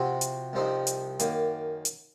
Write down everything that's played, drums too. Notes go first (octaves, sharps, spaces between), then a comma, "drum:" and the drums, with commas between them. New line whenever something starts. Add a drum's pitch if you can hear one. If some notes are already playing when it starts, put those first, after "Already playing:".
Already playing: C3 F3 C4 F#4
drum: hi-hat
C2 C3 F3 C4 D#4
drum: hi-hat
F#2 D#3 A#3, drum: hi-hat
drum: hi-hat